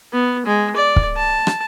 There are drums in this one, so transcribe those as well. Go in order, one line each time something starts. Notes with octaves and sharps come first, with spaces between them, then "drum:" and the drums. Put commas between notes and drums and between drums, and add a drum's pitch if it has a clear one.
B3
G#3
D5
drum: kick
A5
drum: rim click